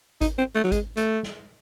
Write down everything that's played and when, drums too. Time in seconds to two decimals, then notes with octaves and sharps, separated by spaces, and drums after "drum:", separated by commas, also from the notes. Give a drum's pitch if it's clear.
0.21 D#4, drum: kick G#1, hi-hat
0.38 C4
0.55 A3
0.64 F#3
0.72 G#3, drum: kick G#1, hi-hat
0.97 A3, drum: hi-hat
1.23 drum: snare